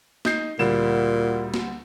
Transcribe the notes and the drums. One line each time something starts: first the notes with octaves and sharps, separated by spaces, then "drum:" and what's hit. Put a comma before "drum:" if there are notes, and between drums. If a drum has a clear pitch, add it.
D#4 G6 C7, drum: snare A#3
D2 A#2 G3 E7
drum: snare A#3